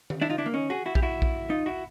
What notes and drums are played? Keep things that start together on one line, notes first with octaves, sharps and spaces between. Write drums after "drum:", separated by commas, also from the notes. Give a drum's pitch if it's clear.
drum: tom D#3
D4 E4
D#4 F4
D4 E4
A#3
C#4 D#4
F#4 G#4
E4 F#4
G4, drum: kick A#1
E4 F#4
drum: kick A#1
D#4 F4
E4 F#4